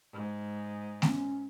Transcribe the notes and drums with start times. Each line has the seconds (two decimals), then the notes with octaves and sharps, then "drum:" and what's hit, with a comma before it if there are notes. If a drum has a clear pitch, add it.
0.13 G#2
1.02 C#4, drum: snare A3